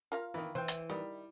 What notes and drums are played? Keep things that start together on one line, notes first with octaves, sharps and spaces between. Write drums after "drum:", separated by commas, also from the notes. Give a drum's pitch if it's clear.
F4 A#4 F5
D#3 E3
E3 C5 G5
drum: hi-hat
D#3 G3